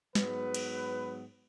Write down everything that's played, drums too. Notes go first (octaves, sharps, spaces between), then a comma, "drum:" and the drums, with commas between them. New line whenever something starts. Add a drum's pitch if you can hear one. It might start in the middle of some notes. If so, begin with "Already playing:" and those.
G#2 F#3 B3 B4, drum: snare
drum: cymbal